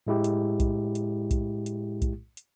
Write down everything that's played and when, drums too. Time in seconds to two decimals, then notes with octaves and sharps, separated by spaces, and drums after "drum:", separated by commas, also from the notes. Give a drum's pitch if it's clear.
0.07 A2 G#3 E4 G4
0.24 drum: hi-hat
0.60 drum: kick B1, hi-hat
0.95 drum: hi-hat
1.31 drum: kick B1, hi-hat
1.66 drum: hi-hat
2.02 drum: kick B1, hi-hat
2.37 drum: hi-hat